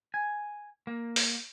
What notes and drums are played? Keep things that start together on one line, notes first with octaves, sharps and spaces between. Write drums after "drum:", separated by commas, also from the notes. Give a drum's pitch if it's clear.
G#5
A#3
drum: open hi-hat